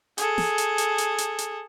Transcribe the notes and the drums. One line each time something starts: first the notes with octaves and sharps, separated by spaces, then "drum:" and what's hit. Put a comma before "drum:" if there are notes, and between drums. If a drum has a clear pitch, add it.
G#4 A4, drum: hi-hat
drum: snare
drum: hi-hat
drum: hi-hat
drum: hi-hat
drum: hi-hat
drum: hi-hat